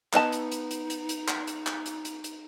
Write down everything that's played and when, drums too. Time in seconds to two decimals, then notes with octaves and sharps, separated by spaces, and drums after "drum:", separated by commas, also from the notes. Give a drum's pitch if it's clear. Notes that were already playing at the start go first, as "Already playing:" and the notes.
0.13 B3 D#4 D#5 A5, drum: clap
0.32 drum: hi-hat
0.52 drum: hi-hat
0.71 drum: hi-hat
0.90 drum: hi-hat
1.09 drum: hi-hat
1.28 drum: clap
1.47 drum: hi-hat
1.67 drum: clap
1.86 drum: hi-hat
2.05 drum: hi-hat
2.24 drum: hi-hat